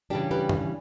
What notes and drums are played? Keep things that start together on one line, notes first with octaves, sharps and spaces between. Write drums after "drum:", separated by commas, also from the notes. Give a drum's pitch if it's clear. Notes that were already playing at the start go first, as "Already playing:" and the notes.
C#3 E3 G3 D4 G4
G4 B4
drum: tom